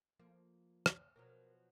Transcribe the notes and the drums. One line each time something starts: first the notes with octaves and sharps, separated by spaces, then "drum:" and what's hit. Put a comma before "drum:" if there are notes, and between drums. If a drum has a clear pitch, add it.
F3 A#3
drum: rim click
B2 F3 F#3 A#4